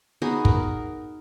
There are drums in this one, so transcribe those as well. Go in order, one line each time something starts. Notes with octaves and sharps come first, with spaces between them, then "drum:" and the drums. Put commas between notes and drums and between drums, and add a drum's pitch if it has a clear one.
B3 D#4 F#4 G#4
A#4, drum: kick